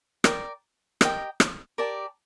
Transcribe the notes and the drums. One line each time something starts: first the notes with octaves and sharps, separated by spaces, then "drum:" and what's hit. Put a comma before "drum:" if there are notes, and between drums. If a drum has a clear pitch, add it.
A#4 D5 G5, drum: rim click
G4 A#4 D#5 G5, drum: rim click
drum: rim click
G4 A#4 D5 A5